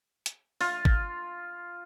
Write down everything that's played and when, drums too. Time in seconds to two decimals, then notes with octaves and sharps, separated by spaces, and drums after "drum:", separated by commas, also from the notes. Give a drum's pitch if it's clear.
0.26 drum: hi-hat
0.61 F4, drum: open hi-hat
0.85 drum: kick